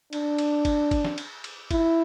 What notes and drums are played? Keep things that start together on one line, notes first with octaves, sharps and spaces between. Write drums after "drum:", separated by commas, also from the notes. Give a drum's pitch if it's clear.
D4, drum: cymbal
drum: cymbal
drum: kick G1, cymbal
drum: kick G1, cymbal
drum: snare
drum: cymbal
drum: cymbal
E4, drum: kick G1, cymbal